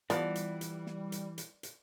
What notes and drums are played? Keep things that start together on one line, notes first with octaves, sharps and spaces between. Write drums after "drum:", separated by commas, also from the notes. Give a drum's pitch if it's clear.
E3 F3 G3 B3 D5, drum: hi-hat
drum: hi-hat
drum: hi-hat
drum: snare
drum: hi-hat
drum: hi-hat
drum: hi-hat